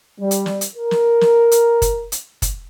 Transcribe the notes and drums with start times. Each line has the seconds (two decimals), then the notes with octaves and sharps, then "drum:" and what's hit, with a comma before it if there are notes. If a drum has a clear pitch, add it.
0.20 G3
0.31 drum: hi-hat
0.46 drum: snare
0.61 drum: hi-hat
0.76 A#4
0.91 drum: snare
1.21 drum: snare
1.52 drum: hi-hat
1.82 drum: kick, hi-hat
2.12 drum: hi-hat
2.42 drum: kick, hi-hat